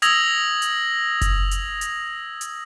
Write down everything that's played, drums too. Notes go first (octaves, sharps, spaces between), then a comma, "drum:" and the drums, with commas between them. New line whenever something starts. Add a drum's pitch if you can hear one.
D#6 E6 G#6 A#6 F7 F#7, drum: hi-hat
drum: hi-hat
drum: kick F#1, hi-hat
drum: hi-hat
drum: hi-hat
drum: hi-hat